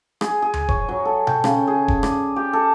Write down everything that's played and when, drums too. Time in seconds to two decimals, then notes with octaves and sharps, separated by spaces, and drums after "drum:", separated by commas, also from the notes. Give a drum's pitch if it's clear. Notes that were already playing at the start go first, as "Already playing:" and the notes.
0.21 G#4, drum: rim click
0.42 G#4
0.54 drum: tom D2
0.69 C#5, drum: kick E1
0.89 F#3
1.05 A4
1.27 G5, drum: tom B2
1.44 C#3, drum: rim click
1.67 G#4
1.88 drum: kick E1
2.03 D5, drum: rim click
2.36 G4
2.53 A4